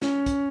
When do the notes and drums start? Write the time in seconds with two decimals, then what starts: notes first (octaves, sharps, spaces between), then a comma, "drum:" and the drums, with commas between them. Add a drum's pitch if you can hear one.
0.02 C#4, drum: snare
0.26 drum: kick, hi-hat